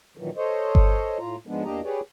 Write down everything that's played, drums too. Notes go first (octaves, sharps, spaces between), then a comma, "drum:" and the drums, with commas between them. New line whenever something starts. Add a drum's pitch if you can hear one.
G2 A#2 D#3 E3 F#3
A4 C5 C#5 D#5
drum: kick G1
A2 F4 A#5
G#2 F3 G#3 B3 D4
E2 A#3 D4 G4 D#5 A#5
G4 G#4 B4 C#5 D5